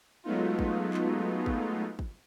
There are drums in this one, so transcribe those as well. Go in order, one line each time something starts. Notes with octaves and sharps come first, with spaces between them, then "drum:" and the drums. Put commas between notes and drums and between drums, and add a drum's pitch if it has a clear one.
F#3 G#3 A3 B3 D#4 F4
drum: kick
drum: clap
drum: kick
drum: kick